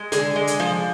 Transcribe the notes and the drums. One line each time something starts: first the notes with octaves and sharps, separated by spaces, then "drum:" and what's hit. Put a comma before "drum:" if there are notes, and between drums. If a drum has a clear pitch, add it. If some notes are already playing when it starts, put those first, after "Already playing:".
Already playing: G#3
D3 G#4, drum: hi-hat
G#3
drum: hi-hat
F3